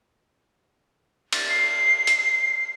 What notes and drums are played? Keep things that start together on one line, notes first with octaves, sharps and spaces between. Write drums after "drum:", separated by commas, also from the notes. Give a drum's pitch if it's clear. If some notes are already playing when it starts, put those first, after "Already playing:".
drum: cymbal
C7
drum: hi-hat